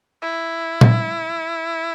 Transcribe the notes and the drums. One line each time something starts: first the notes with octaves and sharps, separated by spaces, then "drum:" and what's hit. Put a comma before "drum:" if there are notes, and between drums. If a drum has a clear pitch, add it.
E4
drum: tom